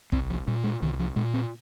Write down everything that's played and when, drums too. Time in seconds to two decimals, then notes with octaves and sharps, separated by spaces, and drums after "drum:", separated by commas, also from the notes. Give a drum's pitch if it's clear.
0.12 C2 C4, drum: kick
0.30 F3
0.48 A#2 G3
0.64 G#3
0.82 C2 D#3
0.99 F3
1.16 A#2 G#3
1.34 C4